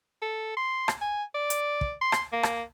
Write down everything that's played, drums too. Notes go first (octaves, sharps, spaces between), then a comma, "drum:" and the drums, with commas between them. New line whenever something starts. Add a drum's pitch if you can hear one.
A4
C6
drum: rim click
G#5
D5
drum: hi-hat
drum: kick
C6
drum: rim click
A#3
drum: rim click